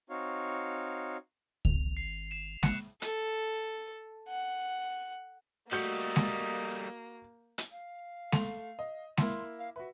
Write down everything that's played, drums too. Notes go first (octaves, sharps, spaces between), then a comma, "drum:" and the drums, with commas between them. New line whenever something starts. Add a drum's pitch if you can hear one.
C4 D#4 F#4 C#5 F5
G#1 F7, drum: kick C#2
C7
C7 E7
A1 F#6 C#7, drum: snare G#3
A4, drum: hi-hat
F#5
G3 A3 A#3 F#4 D#5 G6 C#7
drum: snare G#3
drum: hi-hat
F5
A3 C6 F7, drum: snare G#3
D#5
A#3 E4 C6, drum: snare G#3
F5
F#4 B4 E5